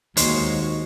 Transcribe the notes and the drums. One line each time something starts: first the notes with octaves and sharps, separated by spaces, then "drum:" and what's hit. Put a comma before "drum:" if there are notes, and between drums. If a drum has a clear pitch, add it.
D#2 D#3 G#3 F#4 C5 C#5, drum: hi-hat